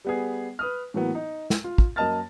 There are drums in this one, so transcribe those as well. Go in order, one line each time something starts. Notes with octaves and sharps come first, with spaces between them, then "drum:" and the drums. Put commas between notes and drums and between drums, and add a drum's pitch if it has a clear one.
G3 B3 G#4
B4 D#6 F6
A2 E3 F#3 A#3 B3
D#4
drum: snare
F4
drum: kick
F#2 A#3 D#5 A5 F6 A6